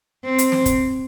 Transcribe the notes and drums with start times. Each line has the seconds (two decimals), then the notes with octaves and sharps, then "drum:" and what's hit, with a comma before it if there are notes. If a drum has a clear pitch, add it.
0.25 C4
0.38 drum: hi-hat
0.52 drum: snare
0.66 drum: kick, hi-hat